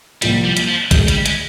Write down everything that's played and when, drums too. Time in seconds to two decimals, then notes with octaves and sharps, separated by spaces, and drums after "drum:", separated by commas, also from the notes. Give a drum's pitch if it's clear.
0.22 C2 A#2 F3 G3, drum: hi-hat
0.45 G3
0.57 drum: hi-hat
0.68 F3
0.91 D2 D3 D#3 G#3, drum: kick, hi-hat
1.08 G3, drum: hi-hat
1.26 G#3, drum: hi-hat